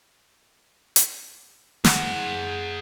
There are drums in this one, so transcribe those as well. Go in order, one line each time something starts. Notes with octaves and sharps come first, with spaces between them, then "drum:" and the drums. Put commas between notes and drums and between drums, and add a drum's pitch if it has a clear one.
drum: hi-hat
G#4 F#5, drum: snare